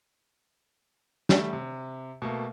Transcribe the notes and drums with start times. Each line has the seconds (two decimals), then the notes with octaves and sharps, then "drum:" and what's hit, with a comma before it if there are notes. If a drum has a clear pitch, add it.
1.29 G3 A3, drum: snare
1.53 C3
2.22 B2 A3 A#3